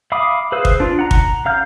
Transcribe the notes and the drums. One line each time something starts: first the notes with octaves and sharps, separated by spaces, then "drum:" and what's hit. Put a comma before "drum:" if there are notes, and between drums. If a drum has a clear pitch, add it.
E5 F5 B5 D6 D#6
G#4 B4 C5 F5 E6
drum: kick
D4 F4
F#5 A#5
drum: kick
C#3 F5 F6 G6